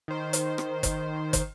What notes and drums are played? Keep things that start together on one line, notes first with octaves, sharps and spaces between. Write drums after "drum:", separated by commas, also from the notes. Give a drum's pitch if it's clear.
D#3 C5
drum: hi-hat
drum: rim click
drum: kick, hi-hat
drum: kick, hi-hat